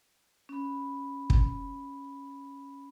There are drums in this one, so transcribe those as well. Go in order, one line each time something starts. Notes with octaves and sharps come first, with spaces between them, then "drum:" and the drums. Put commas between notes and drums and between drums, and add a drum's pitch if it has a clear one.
C#4 B5
drum: kick